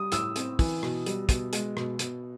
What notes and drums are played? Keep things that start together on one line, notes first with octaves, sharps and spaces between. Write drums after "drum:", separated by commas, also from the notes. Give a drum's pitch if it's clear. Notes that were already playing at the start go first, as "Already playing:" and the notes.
Already playing: G3 D#6
A2 E6, drum: hi-hat
C4, drum: hi-hat
E3, drum: kick, open hi-hat
B2, drum: rim click
G3, drum: hi-hat
B2, drum: kick, hi-hat
G#3, drum: hi-hat
B2, drum: rim click
B2, drum: hi-hat